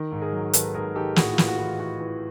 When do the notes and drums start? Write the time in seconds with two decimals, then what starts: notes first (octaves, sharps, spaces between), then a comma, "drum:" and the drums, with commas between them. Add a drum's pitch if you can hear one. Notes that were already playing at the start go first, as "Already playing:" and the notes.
Already playing: D#3
0.12 G#2
0.22 G#4 A#4
0.33 F#3
0.53 D#3 A4 B4, drum: hi-hat
0.74 G#2 G#4 A#4
0.95 D#3 G4 A4
1.16 A2 F#4 G#4, drum: snare
1.33 F4
1.38 E3, drum: snare
1.48 F#4
1.59 E3
1.64 F4
1.79 E3 F#4
2.00 E3